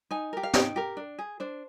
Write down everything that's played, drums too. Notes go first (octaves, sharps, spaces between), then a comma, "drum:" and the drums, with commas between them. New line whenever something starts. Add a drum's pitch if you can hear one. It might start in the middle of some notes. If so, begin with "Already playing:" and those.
D#4 G#5
G4 A#4
F5
D#4 G5, drum: snare
G4 A#4
D4
G#4
D4 C5